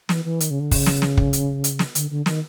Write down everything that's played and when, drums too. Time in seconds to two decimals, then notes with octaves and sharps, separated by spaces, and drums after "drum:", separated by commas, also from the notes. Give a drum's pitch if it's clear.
0.09 E3, drum: snare
0.25 E3
0.40 D#3, drum: hi-hat
0.51 C#3
0.60 D3
0.71 C#3, drum: kick, open hi-hat
0.86 drum: snare
1.02 drum: snare
1.17 drum: kick
1.33 drum: hi-hat
1.64 drum: hi-hat
1.79 drum: snare
1.95 D3, drum: hi-hat
2.10 D3
2.26 D#3, drum: snare